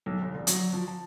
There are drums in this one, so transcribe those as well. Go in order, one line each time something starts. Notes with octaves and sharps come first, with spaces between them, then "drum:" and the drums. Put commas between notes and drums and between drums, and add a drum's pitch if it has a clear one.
B1
G1
F1
F#3, drum: hi-hat
F3
A5